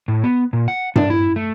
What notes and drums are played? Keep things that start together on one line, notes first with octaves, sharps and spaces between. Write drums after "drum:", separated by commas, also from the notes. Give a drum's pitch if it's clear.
A2
B3
A#2
F#5
D4, drum: tom G2
E4
A3